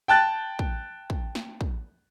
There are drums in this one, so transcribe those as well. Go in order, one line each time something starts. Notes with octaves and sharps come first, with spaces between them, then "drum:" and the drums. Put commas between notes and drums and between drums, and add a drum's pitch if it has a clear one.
G5 A5 F#6 A6
drum: kick
drum: kick
drum: snare
drum: kick